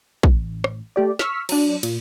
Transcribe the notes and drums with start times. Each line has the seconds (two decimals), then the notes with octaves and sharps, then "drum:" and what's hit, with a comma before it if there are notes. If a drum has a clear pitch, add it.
0.23 A1, drum: kick
0.64 drum: rim click
0.96 A3 G4 D5
1.19 C#6 E6 F6 B6, drum: snare
1.49 F#3 D4, drum: cymbal
1.83 A#2, drum: cymbal